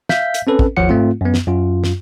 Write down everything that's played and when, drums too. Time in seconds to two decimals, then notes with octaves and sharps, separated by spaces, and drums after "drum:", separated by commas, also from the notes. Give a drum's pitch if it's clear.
0.09 E5 F5 G6 B6, drum: snare
0.34 drum: hi-hat
0.47 C4 C#4 A4 B4
0.59 drum: kick
0.77 G#1 D#2 F3 C#5 F#5 C#7
0.89 G#2 A3 C4 F4
1.21 F#2 B3
1.34 drum: snare
1.46 F#2 F4
1.84 drum: snare